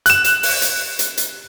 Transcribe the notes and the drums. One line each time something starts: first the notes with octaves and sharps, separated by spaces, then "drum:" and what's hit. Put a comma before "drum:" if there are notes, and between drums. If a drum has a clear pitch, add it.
F#6 E7, drum: hi-hat
drum: hi-hat
drum: open hi-hat
drum: hi-hat
drum: hi-hat
drum: hi-hat